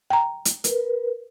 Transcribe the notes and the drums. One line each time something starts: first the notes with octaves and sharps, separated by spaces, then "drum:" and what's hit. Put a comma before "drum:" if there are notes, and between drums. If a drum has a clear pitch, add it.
G5 A#5
drum: hi-hat
A#4 B4, drum: hi-hat